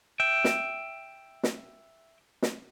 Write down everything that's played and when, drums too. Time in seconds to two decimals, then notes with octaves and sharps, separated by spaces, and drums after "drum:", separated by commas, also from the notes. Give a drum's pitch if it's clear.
0.20 E5 G5
0.44 drum: snare
1.43 drum: snare
2.42 drum: snare